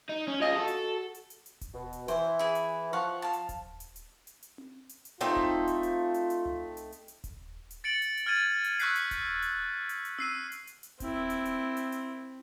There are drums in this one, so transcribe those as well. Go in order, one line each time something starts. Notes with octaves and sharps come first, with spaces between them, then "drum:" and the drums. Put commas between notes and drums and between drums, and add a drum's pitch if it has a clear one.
D#4
C#4
F4 G#4 D#5
F#4 A4
drum: hi-hat
drum: hi-hat
drum: hi-hat
drum: hi-hat
drum: kick D#1, hi-hat
B2
drum: hi-hat
E3 C5, drum: hi-hat
E4 G#4
drum: hi-hat
F3 F5 F#5 C#6
F5 A5
drum: hi-hat
drum: kick D#1, hi-hat
drum: hi-hat
drum: hi-hat
drum: hi-hat
drum: hi-hat
drum: tom C4
drum: hi-hat
drum: hi-hat
A3 C4 D#4 F4, drum: hi-hat
drum: kick D#1
drum: hi-hat
drum: hi-hat
drum: hi-hat
drum: hi-hat
drum: tom C2
drum: hi-hat
drum: hi-hat
drum: hi-hat
drum: kick D#1, hi-hat
drum: hi-hat
A6 C#7 D7 F#7
drum: hi-hat
drum: hi-hat
F6 G#6 A6 D#7
drum: hi-hat
C#6 E6 F#6 G6 B6 C7, drum: hi-hat
drum: hi-hat
drum: kick D#1, hi-hat
drum: hi-hat
drum: hi-hat
drum: hi-hat
E6 C7 D#7, drum: tom C4
drum: hi-hat
drum: hi-hat
drum: hi-hat
C4 E4, drum: kick D#1, hi-hat
drum: hi-hat
drum: hi-hat
drum: hi-hat
drum: hi-hat